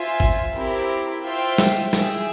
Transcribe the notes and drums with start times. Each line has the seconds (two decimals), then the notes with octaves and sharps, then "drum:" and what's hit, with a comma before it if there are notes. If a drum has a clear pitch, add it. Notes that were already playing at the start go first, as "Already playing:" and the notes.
Already playing: F4 C5 E5 G#5
0.20 drum: kick G#1
0.55 C4 E4 G4 A#4
1.24 F4 C5 E5 G5
1.58 drum: snare
1.93 G#4 E5 G5, drum: snare